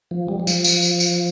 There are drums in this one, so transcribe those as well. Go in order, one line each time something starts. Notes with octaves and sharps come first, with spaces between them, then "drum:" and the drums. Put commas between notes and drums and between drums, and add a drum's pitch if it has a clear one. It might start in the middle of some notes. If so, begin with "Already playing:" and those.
F3
G3
G3
F3, drum: tambourine
drum: tambourine
drum: tambourine
drum: tambourine